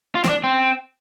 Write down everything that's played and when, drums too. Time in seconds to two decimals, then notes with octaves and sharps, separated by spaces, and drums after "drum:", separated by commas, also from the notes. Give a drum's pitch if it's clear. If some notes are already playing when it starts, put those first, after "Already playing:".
0.15 F4
0.24 C4, drum: snare
0.29 D4
0.44 C4